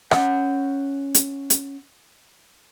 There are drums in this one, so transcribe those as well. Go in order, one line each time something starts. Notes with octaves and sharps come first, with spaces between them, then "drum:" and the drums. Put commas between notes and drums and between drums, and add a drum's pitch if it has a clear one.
C#4 F#5, drum: rim click
drum: hi-hat
drum: hi-hat